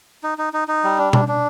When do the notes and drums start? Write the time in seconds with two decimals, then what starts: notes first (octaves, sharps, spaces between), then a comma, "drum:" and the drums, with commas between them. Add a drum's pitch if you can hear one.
0.23 D#4
0.38 D#4
0.53 D#4
0.68 D#4
0.84 G3
0.98 D4
1.13 D4, drum: tom B2
1.28 D4